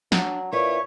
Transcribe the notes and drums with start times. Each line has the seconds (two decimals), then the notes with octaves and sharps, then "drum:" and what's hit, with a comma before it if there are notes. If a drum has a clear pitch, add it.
0.12 F#3 D4, drum: snare
0.53 A#2 E4 B4 C#5